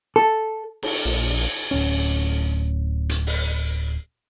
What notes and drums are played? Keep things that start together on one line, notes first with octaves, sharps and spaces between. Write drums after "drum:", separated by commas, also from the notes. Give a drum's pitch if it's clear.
A4
drum: cymbal
A#1
D1 C#4
drum: hi-hat
drum: open hi-hat